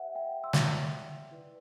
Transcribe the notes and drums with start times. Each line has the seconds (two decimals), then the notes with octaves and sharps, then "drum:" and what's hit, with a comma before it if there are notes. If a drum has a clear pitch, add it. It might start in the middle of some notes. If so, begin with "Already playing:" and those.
Already playing: G4 C5 E5 F#5
0.15 E5 G5
0.44 C6 E6
0.53 drum: snare
1.31 E4 B4 D5